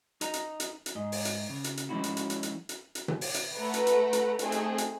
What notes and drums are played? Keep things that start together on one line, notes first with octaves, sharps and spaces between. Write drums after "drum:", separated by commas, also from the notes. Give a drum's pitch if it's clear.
D#4 D#5 A#5, drum: hi-hat
drum: hi-hat
drum: hi-hat
drum: hi-hat
G#2 D#5
drum: open hi-hat
drum: hi-hat
C#3
drum: hi-hat
drum: hi-hat
F3 G#3 C#4 D#4 E4 F#4
drum: hi-hat
drum: hi-hat
drum: hi-hat
drum: hi-hat
drum: hi-hat
drum: hi-hat
drum: tom B2
drum: open hi-hat
drum: hi-hat
A3 B4 F#5 A#5
drum: hi-hat
drum: hi-hat
drum: hi-hat
A3 C4 D#4 G#4, drum: hi-hat
drum: hi-hat
drum: hi-hat